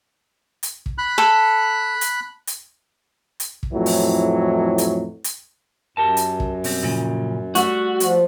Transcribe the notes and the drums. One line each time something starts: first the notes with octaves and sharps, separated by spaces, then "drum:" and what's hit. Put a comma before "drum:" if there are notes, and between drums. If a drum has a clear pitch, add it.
drum: hi-hat
drum: kick
B5 F#6
A4
drum: hi-hat
drum: hi-hat
drum: hi-hat
drum: kick
F2 A2 E3 F#3
drum: open hi-hat
drum: hi-hat
drum: hi-hat
F#2 G4 A#4 A5
drum: hi-hat
drum: kick
B2 G3 C4, drum: open hi-hat
A#2 C#3 F3
G3 A3 F#4, drum: hi-hat
F3, drum: hi-hat